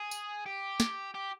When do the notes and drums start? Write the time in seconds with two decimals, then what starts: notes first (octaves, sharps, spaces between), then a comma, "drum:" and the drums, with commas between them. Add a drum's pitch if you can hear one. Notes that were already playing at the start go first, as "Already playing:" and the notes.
Already playing: G#4
0.11 drum: tambourine
0.46 G4
0.80 drum: snare
1.14 G4